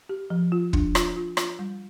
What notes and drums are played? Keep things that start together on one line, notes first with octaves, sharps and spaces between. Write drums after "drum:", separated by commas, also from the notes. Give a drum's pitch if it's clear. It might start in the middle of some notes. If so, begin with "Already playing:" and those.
G4
F3
F4
D4, drum: kick
F4, drum: rim click
F4
F4, drum: rim click
G3